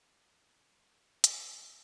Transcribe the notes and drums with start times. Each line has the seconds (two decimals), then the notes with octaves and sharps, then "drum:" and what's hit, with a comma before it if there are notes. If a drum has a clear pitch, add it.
0.13 C#3 G3
1.24 G3, drum: hi-hat